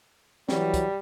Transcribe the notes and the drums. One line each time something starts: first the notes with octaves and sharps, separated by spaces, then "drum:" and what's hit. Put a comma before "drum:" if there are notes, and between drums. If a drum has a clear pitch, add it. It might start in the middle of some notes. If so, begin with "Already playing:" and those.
E3 F#3 G3, drum: snare
drum: kick, hi-hat